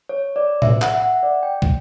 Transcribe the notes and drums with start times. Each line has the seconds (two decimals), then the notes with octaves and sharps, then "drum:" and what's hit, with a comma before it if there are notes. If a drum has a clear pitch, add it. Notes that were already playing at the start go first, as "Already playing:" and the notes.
0.09 C#5
0.36 D5
0.62 E5, drum: tom A2
0.82 F#5, drum: clap
0.93 E5
1.02 F#5
1.23 D5
1.43 G5
1.62 drum: kick